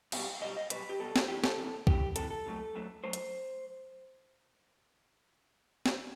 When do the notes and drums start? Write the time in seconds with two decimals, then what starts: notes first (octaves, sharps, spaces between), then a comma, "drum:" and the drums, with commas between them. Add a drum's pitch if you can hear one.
0.12 B1 B2 G3, drum: cymbal
0.41 B1 B2 G3 D#5
0.57 D#5
0.70 B1 B2 G3 B4, drum: hi-hat
0.89 G4
1.00 B1 B2 G3 A4
1.16 drum: snare
1.28 E2 C3 E3 G4
1.44 A4, drum: snare
1.58 E2 C3 E3
1.87 E2 C3 E3 G4, drum: kick B1
2.16 E2 C3 E3 A4, drum: hi-hat
2.31 A4
2.46 F#2 F#3 A3
2.75 F#2 F#3 A3
3.04 F#2 F#3 A3 C5
3.13 drum: hi-hat
5.86 drum: snare